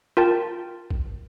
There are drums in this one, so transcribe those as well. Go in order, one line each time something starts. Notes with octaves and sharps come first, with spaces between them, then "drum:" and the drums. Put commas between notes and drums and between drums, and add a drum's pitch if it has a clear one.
F4 A#4 G5 A5 A6
drum: kick